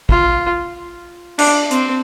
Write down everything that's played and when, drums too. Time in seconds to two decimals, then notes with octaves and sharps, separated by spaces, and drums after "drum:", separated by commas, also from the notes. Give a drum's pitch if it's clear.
0.09 F4, drum: kick
1.39 D4, drum: cymbal
1.71 C4, drum: hi-hat